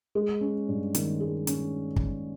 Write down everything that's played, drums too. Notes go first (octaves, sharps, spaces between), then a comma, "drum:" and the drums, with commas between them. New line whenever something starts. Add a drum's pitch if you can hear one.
G#3
C#4
G2
D#3, drum: hi-hat
G#3
C#4, drum: hi-hat
drum: kick